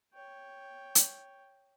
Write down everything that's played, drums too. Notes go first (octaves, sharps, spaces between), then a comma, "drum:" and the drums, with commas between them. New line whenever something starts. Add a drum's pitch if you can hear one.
C#5 G5
drum: hi-hat